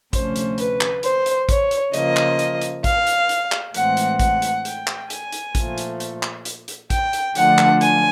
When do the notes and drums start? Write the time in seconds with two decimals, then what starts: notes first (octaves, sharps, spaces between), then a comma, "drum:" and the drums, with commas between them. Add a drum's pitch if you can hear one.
0.13 D2 C3 F3 A3 C#4 C5, drum: kick A1, hi-hat
0.36 drum: hi-hat
0.58 B4, drum: hi-hat
0.81 drum: clap
1.03 C5, drum: hi-hat
1.26 drum: hi-hat
1.49 C#5, drum: kick A1, hi-hat
1.71 drum: hi-hat
1.94 C#3 F3 A#3 D#5, drum: hi-hat
2.16 drum: clap
2.39 drum: hi-hat
2.62 drum: hi-hat
2.84 F5, drum: kick A1, hi-hat
3.07 drum: hi-hat
3.29 drum: hi-hat
3.52 drum: clap
3.74 A2 E3 G#3 C4 F#5, drum: hi-hat
3.97 drum: hi-hat
4.20 F#5, drum: kick A1, hi-hat
4.42 drum: hi-hat
4.65 G5, drum: hi-hat
4.87 drum: clap
5.10 G#5, drum: hi-hat
5.32 drum: hi-hat
5.55 A#2 F3 A3, drum: kick A1, hi-hat
5.78 drum: hi-hat
6.00 drum: hi-hat
6.23 drum: clap
6.45 drum: hi-hat
6.68 drum: hi-hat
6.90 G5, drum: kick A1, hi-hat
7.13 drum: hi-hat
7.35 D3 F3 A3 D4 F4 F#5, drum: hi-hat
7.58 drum: clap
7.81 G#5, drum: hi-hat